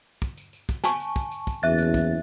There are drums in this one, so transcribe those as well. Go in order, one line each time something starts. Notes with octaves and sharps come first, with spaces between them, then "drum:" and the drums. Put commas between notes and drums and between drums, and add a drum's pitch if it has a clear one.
drum: kick, tambourine
drum: tambourine
drum: tambourine
drum: kick, tambourine
G#5 A5 C#6, drum: snare
drum: tambourine
drum: kick, tambourine
drum: tambourine
drum: kick, tambourine
F#1 E2 E5 F#6 A6, drum: tambourine
drum: tambourine
drum: kick, tambourine